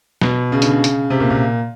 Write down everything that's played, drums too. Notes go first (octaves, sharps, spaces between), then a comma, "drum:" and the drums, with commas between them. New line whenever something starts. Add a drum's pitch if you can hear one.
B2, drum: snare
C#3
D3, drum: hi-hat
C#3
drum: hi-hat
C3
A#2
A#2